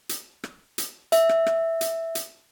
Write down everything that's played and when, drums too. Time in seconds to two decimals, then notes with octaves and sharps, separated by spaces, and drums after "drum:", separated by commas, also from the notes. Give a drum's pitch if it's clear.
0.09 drum: hi-hat
0.44 drum: rim click
0.78 drum: hi-hat
1.12 E5, drum: hi-hat
1.29 drum: rim click
1.46 drum: rim click
1.81 drum: hi-hat
2.15 drum: hi-hat